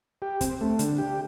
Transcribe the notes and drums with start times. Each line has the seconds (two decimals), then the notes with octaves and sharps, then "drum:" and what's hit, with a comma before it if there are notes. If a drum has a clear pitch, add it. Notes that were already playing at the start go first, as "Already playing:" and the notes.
0.22 G4
0.41 C4, drum: kick, hi-hat
0.61 A3
0.79 D3, drum: hi-hat
0.98 G4